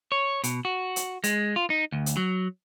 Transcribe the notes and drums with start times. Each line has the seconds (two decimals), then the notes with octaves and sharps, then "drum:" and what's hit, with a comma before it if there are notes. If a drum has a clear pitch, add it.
0.12 C#5
0.44 B2, drum: hi-hat
0.65 F#4
0.96 drum: hi-hat
1.24 G#3, drum: hi-hat
1.56 F4
1.70 D#4
1.92 D2
2.06 drum: hi-hat
2.17 F#3